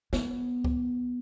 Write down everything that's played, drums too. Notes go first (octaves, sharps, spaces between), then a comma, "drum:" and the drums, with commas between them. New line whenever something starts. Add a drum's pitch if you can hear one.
B3, drum: snare
drum: kick C#2